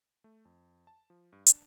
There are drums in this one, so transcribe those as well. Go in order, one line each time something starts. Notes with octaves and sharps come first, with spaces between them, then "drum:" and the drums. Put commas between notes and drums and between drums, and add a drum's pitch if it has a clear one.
A3
F2
A5
F3
G2
D4, drum: hi-hat